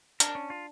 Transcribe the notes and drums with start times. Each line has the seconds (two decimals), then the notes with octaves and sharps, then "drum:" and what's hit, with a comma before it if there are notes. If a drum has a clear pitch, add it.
0.20 D4 A#4, drum: hi-hat
0.35 C#4
0.50 F4